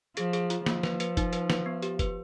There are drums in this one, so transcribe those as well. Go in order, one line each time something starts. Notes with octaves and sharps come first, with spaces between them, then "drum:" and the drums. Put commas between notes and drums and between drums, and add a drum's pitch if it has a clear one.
F3 G#4, drum: hi-hat
G#4, drum: hi-hat
F4, drum: hi-hat
F3 A#3, drum: snare
B4, drum: snare
B4, drum: hi-hat
D#4, drum: kick F1, hi-hat
B4, drum: hi-hat
B4, drum: snare
B3
G4, drum: hi-hat
B4, drum: kick F1, hi-hat